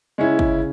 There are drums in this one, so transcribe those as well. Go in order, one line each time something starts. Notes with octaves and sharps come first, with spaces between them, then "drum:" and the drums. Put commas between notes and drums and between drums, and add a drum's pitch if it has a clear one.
C#3 G#3 C#4 E4
C#3, drum: kick